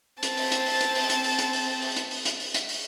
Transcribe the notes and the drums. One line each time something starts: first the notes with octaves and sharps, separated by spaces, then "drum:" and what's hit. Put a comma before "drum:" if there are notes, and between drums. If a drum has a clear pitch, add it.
C4 A5, drum: hi-hat
drum: open hi-hat
drum: hi-hat
drum: open hi-hat
drum: hi-hat
drum: open hi-hat
drum: hi-hat
drum: open hi-hat
drum: hi-hat
drum: open hi-hat
drum: open hi-hat
drum: hi-hat
drum: open hi-hat
drum: hi-hat
drum: open hi-hat
drum: hi-hat
drum: open hi-hat